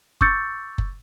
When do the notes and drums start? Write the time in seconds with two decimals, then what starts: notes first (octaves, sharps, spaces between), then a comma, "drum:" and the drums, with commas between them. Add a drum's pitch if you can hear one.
0.21 C#6 D6 E6 G6 A6 C#7, drum: kick F#1
0.78 drum: kick F#1